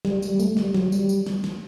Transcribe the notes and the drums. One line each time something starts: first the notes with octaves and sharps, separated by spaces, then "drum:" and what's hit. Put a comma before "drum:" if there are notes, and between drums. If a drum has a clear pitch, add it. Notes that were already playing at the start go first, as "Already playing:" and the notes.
G3, drum: snare
G3, drum: tambourine
A3, drum: tambourine
G3, drum: snare
F#3, drum: snare
G3, drum: tambourine
drum: tambourine
drum: snare
drum: snare